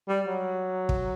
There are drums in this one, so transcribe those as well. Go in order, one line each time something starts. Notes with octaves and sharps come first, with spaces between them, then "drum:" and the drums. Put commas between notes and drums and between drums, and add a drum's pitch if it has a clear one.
G3
F#3
drum: kick